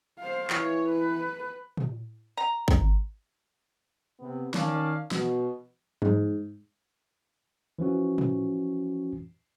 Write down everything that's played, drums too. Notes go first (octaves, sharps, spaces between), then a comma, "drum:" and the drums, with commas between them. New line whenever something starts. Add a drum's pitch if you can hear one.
C5 F5
E3 C#5, drum: clap
B4
drum: tom
A#5
drum: kick
C3 B3
D#3 C#4 D5 F5 A5, drum: snare
B2, drum: snare
G#2, drum: tom
E3 F3 C#4 F#4
drum: tom